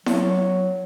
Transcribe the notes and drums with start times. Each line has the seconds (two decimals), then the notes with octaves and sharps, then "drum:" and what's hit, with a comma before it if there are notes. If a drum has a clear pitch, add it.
0.06 F#3, drum: snare E4